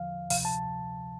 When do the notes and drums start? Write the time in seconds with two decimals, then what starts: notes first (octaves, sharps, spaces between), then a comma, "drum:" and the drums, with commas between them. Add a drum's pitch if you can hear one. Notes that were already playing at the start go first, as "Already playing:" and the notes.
Already playing: E2 D3 F3 F5
0.30 D2 C3 F3 F5, drum: open hi-hat
0.45 A5